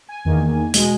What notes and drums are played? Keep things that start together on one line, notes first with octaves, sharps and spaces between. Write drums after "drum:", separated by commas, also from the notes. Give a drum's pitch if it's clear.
G#5
E2 D#3 A#3
B2 G#3, drum: hi-hat